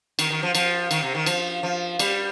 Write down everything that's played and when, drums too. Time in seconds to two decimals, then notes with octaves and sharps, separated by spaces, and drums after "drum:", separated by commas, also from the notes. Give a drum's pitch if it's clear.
0.19 D#3, drum: cymbal
0.30 D#3
0.43 F3
0.55 F3, drum: cymbal
0.91 D#3, drum: cymbal
1.02 C3
1.15 D#3
1.26 F3, drum: cymbal
1.63 F3
1.99 G3, drum: cymbal